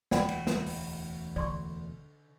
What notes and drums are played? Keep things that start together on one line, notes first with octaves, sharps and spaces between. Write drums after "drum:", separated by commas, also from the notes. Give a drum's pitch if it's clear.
E1 D2 A2 D5 F#5 G5 B5, drum: snare
drum: cymbal
drum: snare
drum: open hi-hat
D3 D5 C6 C#6